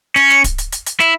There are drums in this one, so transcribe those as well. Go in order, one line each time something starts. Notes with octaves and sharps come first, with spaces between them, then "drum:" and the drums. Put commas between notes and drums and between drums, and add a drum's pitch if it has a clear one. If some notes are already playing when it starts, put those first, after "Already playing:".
C#4, drum: snare
drum: snare
drum: kick D1, hi-hat
drum: hi-hat
drum: hi-hat
drum: hi-hat
E4, drum: snare